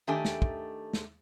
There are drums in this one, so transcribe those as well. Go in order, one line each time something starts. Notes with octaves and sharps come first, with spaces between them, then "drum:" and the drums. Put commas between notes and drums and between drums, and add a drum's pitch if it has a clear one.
D#3 A3 D4 G4 G#5
drum: snare
drum: kick
drum: snare